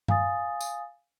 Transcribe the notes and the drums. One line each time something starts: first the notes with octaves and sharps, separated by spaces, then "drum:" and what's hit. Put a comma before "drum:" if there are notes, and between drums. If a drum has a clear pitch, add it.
F5 G#5 D#6 A6, drum: tom G2
drum: tambourine